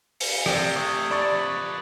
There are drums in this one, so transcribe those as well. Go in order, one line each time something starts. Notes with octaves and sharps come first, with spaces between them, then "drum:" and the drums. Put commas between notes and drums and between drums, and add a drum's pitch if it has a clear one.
C#7, drum: open hi-hat
C3 A3 D5 E5 G5, drum: rim click
C#6 D#6 G#6
D4 E4 D5 B5 C#6 D6 A6
F2 B4